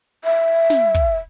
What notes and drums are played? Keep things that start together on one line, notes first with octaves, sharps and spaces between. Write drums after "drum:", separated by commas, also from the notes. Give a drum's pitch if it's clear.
E5
drum: snare
drum: kick